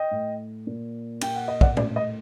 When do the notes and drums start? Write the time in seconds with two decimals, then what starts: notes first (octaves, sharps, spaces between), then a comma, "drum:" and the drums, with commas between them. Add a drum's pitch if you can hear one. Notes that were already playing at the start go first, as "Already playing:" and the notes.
Already playing: D#5 G5
0.11 A2
0.67 A#2
1.21 A#2 G5, drum: cymbal
1.35 F#5
1.48 D#5
1.61 D5 F#5, drum: kick
1.77 A2 D5, drum: tom A#2
1.96 D#5